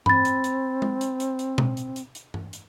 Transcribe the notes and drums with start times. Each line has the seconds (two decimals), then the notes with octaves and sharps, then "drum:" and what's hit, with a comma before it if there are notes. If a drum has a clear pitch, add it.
0.06 C4 B5 A6, drum: tom G2
0.25 drum: hi-hat
0.44 drum: hi-hat
0.82 drum: tom G#3
1.01 drum: hi-hat
1.20 drum: hi-hat
1.39 drum: hi-hat
1.58 drum: tom B2
1.77 drum: hi-hat
1.96 drum: hi-hat
2.15 drum: hi-hat
2.34 drum: tom G2
2.53 drum: hi-hat